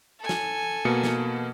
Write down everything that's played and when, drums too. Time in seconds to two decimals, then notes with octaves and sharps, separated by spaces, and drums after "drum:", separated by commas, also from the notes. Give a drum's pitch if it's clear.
0.20 A4 G#5
0.29 drum: snare
0.85 B2 A#3 C#7
1.04 drum: snare